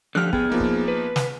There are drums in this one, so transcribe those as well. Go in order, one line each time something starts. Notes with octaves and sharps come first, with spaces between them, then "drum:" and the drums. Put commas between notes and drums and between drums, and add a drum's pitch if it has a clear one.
D3 F3 G4 F6 F#6
B3 G#4 G5, drum: kick
F3 A#3 D#4
drum: kick
B4
drum: snare